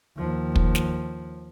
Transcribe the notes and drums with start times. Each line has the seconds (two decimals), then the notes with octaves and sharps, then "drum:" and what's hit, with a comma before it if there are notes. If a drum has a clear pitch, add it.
0.17 D#2 F3
0.56 drum: kick
0.75 drum: snare